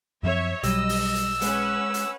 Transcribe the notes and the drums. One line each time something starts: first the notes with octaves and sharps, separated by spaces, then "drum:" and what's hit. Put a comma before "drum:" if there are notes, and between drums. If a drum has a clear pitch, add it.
F#2 F3 C4 C#5 E5
B1 F#3 G3 D#5 E6, drum: hi-hat
drum: open hi-hat
drum: hi-hat
G#3 C#4 B4 F#5, drum: hi-hat
drum: hi-hat